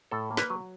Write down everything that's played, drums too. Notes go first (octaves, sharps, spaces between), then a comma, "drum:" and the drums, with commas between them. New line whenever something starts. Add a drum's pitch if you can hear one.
A2 A4
A#3
B4, drum: snare
F#3